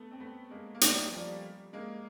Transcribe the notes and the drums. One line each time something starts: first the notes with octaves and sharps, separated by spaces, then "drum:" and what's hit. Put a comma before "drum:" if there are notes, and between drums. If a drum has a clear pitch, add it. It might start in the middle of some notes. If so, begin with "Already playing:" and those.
Already playing: A3 B3
C4
A3 B3
G#3 A#3
A#3
G3 A3, drum: hi-hat
F3 G3
G#3 A#3